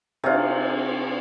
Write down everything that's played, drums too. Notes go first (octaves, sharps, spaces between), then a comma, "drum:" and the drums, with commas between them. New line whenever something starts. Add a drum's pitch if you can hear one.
C3 F4, drum: cymbal